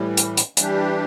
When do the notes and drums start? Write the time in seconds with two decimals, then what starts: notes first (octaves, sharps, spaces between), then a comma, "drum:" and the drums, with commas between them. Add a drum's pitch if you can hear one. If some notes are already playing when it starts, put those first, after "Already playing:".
Already playing: A2 E3 G3
0.17 drum: hi-hat
0.37 drum: hi-hat
0.57 E3 G3 D4 G4, drum: hi-hat